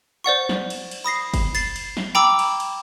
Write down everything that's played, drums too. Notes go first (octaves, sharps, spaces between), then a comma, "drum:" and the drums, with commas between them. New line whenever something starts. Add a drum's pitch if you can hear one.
C5 D5 F#5 C#6
drum: snare
drum: cymbal
drum: cymbal
B5 D#6 A#6 C7
drum: kick, cymbal
A6 C7, drum: cymbal
drum: cymbal
drum: snare
G5 A#5 B5 D6 E6
drum: cymbal
drum: cymbal